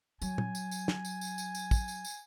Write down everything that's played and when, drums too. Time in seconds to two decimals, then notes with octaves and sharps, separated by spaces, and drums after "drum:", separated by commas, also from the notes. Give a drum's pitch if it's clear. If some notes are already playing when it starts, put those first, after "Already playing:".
0.22 F#3 G#5, drum: tambourine
0.38 drum: tom
0.55 drum: tambourine
0.71 drum: tambourine
0.88 drum: snare
1.05 drum: tambourine
1.21 drum: tambourine
1.38 drum: tambourine
1.55 drum: tambourine
1.71 drum: kick, tambourine
1.88 drum: tambourine
2.05 drum: tambourine